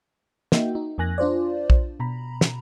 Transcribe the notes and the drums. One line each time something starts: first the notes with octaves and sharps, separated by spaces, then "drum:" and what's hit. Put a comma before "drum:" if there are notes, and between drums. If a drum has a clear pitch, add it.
A#3 D#4 F#4 E5 G5, drum: snare
D#4
F2 A#3 G#5 F#6 A#6
D4 F4 C5 D5
drum: kick A#1
B2 A#5 B5
drum: snare